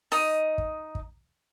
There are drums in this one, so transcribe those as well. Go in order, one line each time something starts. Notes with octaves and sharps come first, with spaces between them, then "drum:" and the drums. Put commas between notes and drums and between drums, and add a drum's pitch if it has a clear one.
D#4 D#5 D#6, drum: open hi-hat
drum: kick
drum: kick